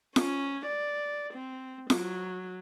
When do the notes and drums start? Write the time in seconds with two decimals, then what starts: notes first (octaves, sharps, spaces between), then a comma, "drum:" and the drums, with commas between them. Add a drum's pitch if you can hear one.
0.16 C#4, drum: snare
0.66 D5
1.33 C4
1.90 F#3, drum: snare